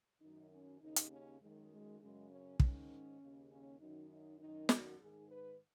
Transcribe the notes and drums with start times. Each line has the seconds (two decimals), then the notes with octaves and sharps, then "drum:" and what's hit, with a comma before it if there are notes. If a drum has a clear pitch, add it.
0.21 F#2 D#3 D#4
0.51 C#4
0.81 D#2 C#3 D#4
0.96 drum: hi-hat
1.10 C#4
1.40 F#2 D#3 G#3
1.70 G#3
2.00 F#2 C#3 G#3
2.30 C#4
2.60 G#2 D#3 C#4, drum: kick
3.20 D#2 C#3
3.49 C#4
3.79 F#2 D#3 D#4
4.09 D#4
4.39 F#2 D#3 D#4
4.69 F#4, drum: snare
4.99 G#2 D#3 G#4
5.29 B4